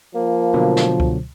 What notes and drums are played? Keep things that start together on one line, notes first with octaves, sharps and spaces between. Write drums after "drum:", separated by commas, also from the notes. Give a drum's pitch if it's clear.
F3 A#3
B2 D3 F#3
drum: snare
drum: kick C#2